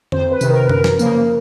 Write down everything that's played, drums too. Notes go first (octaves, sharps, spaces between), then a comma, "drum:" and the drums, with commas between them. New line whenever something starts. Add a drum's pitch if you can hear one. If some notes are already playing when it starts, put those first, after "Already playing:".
F2 C5, drum: tom D3
B4
C3 D#3, drum: tambourine
A#4
B4
F#2 A#4, drum: tom D3
drum: snare
C#3 F3 A#3, drum: tambourine